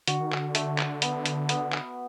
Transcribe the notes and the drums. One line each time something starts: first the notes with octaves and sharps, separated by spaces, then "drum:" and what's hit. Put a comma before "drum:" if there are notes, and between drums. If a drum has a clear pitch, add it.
D3 F#4, drum: hi-hat
D#3
D3, drum: clap
A3, drum: hi-hat
drum: clap
B3, drum: hi-hat
drum: hi-hat
B3, drum: hi-hat
drum: clap